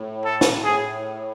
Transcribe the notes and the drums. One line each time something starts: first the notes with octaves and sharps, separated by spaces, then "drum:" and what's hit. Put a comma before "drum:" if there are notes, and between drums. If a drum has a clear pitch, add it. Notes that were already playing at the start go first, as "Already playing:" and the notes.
Already playing: A2
A4
drum: snare
A2 G#4